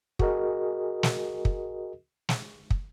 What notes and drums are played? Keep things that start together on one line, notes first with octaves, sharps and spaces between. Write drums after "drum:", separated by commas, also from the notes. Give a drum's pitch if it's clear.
F#4 G#4 A#4 D#5, drum: kick
drum: snare
drum: kick
drum: snare
drum: kick